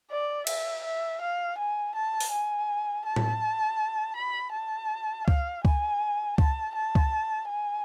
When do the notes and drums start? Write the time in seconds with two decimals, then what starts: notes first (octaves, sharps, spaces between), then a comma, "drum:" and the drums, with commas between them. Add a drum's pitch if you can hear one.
0.11 D5
0.47 E5, drum: cymbal
0.84 E5
1.21 F5
1.58 G#5
1.95 A5
2.20 drum: open hi-hat
2.32 G#5
3.05 A5
3.16 drum: tom A2
4.17 B5
4.53 A5
5.28 F5, drum: kick C#2
5.65 G#5, drum: kick C#2
6.38 A5, drum: kick C#2
6.75 A5
6.95 drum: kick C#2
7.49 G#5